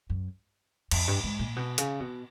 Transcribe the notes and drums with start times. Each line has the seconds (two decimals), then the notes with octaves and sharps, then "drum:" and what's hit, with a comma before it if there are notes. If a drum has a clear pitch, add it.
0.10 F#2
0.91 F2, drum: cymbal
1.08 G2
1.24 G#2
1.39 A#2
1.56 B2
1.78 C#3, drum: hi-hat
2.00 B2